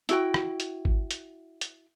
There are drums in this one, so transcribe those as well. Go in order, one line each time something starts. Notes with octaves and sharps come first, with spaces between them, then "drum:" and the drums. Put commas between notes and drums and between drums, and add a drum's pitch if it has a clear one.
E4 F#4 G5, drum: hi-hat
drum: rim click
drum: hi-hat
drum: kick G#1
drum: hi-hat
drum: hi-hat